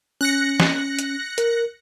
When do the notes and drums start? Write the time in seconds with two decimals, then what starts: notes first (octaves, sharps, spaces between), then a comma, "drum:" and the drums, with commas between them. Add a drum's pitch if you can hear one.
0.21 C#4 F#6 A#6 C#7
0.60 drum: snare
0.99 drum: hi-hat
1.38 A#4, drum: hi-hat